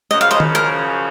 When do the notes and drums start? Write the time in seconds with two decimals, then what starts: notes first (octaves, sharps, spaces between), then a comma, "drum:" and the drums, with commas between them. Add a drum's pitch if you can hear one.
0.10 F#2 C#3 F3 D#5
0.21 F5
0.31 C5 D#5
0.40 drum: tom D#3
0.55 A#4